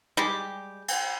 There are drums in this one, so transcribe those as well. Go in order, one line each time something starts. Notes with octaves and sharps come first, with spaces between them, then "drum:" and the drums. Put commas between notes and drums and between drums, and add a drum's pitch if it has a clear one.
G3 G#3 G4
drum: cymbal